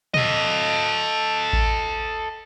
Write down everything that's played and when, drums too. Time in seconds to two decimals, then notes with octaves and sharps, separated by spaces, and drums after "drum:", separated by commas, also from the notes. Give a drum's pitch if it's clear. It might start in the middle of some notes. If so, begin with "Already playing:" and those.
0.14 A4 D#5, drum: tom
1.53 drum: kick A1